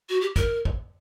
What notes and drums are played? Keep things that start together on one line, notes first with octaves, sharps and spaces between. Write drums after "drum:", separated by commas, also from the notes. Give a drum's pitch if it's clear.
F#4
G4
A#4, drum: kick, hi-hat
drum: kick